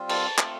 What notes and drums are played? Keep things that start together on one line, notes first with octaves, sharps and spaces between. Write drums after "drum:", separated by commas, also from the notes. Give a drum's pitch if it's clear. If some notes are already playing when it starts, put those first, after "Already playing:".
Already playing: G3 C4 F4
A5, drum: cymbal
A3 C4 F4, drum: clap